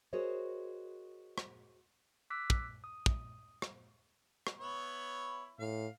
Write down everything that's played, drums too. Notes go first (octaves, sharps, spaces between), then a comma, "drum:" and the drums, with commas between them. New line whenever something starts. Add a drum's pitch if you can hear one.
F#4 G#4 A#4 C5 C#5 D#5
drum: rim click
D6 E6 F#6 B6
drum: kick
D#6
drum: kick
drum: rim click
drum: rim click
B3 E4 C#5
A2 F5